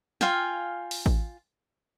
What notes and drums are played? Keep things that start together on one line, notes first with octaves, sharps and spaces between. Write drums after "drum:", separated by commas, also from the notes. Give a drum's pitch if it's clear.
F4 F5 G5 G#5, drum: snare
drum: open hi-hat
drum: kick A1